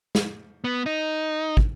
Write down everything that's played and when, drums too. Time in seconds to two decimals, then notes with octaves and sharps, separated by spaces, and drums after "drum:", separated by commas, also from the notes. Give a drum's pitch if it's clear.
0.15 drum: snare
0.64 B3
0.86 D#4
1.57 drum: kick